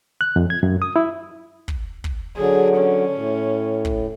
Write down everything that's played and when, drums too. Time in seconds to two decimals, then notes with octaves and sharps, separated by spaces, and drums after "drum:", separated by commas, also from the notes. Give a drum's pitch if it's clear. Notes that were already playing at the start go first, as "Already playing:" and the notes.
0.21 F#6
0.36 F2
0.50 G#6
0.63 F#2
0.82 D#6
0.96 E4
1.68 drum: kick
2.04 drum: kick
2.37 D3 F#3 G#4
2.77 C#4
3.16 A2
3.85 drum: kick